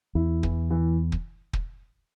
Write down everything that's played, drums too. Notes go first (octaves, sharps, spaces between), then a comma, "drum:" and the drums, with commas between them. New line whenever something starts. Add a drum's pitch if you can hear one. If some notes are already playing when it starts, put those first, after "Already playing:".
E2 E4
E3, drum: kick
E3
drum: kick
drum: kick